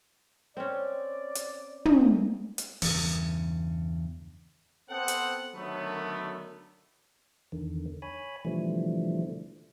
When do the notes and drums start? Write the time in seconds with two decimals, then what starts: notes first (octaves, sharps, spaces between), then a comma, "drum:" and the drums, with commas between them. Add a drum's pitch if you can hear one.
0.57 C4 C#4 D5
1.35 drum: hi-hat
1.85 drum: tom
2.58 drum: hi-hat
2.82 E2 G2 C#3, drum: open hi-hat
4.89 B3 C4 A4 C5 F#5
5.08 drum: hi-hat
5.55 F#2 D3 D#3 F#3 A3 B3
7.52 E2 D3 D#3
8.02 C#5 G#5 B5
8.45 B2 D3 E3 F3 G3 A3